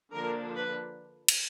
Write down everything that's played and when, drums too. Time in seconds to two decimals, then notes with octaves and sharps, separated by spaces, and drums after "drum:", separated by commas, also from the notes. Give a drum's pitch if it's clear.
0.13 D3 F3 A#3 D4 A#4
0.56 B4
1.28 drum: cymbal